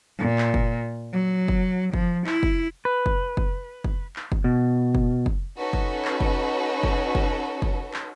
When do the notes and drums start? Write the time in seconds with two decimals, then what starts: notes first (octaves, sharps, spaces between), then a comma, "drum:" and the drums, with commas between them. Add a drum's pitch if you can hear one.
0.19 A#2
0.38 drum: clap
0.54 drum: kick
1.13 F#3
1.48 drum: kick
1.93 F3, drum: kick
2.27 E4, drum: clap
2.43 drum: kick
2.85 B4
3.06 drum: kick
3.37 drum: kick
3.84 drum: kick
4.16 drum: clap
4.32 drum: kick
4.44 B2
4.95 drum: kick
5.26 drum: kick
5.58 C#4 D#4 F#4 A4 B4
5.73 drum: kick
6.05 drum: clap
6.20 drum: kick
6.83 drum: kick
7.15 drum: kick
7.62 drum: kick
7.94 drum: clap